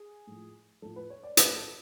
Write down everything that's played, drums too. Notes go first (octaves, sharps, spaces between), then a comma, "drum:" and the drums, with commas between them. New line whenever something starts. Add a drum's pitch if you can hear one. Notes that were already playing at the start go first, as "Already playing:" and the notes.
Already playing: G#4
A2 F3
A2 F3 A4
B4
C#5
D5
A2 F3 B4, drum: hi-hat
A4